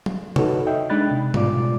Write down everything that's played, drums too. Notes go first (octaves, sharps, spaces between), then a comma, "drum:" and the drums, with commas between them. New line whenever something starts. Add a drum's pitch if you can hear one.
drum: tom F#3
D#4 F#4 A4 B4 C#5, drum: tom
D#5 E5 G5
G#3 D4 D#4 B5 F#6 A6
C3
G#2 B2 G3 F4 D5 D6, drum: tom